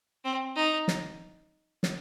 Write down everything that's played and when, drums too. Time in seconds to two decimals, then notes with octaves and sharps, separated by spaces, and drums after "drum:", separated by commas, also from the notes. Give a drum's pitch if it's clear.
0.25 C4
0.56 D#4
0.88 drum: snare
1.83 drum: snare